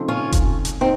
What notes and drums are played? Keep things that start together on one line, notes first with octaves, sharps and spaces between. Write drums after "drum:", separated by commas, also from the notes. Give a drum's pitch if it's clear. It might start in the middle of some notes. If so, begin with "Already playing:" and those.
Already playing: C#3 F3 A3 C4 D#4
C#4 F4
drum: kick F1, hi-hat
drum: hi-hat
C4 D#4